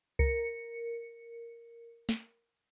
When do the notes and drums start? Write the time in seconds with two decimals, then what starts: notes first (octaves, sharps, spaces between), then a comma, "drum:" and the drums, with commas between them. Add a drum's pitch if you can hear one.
0.19 A#4 C#7, drum: kick C2
2.09 drum: snare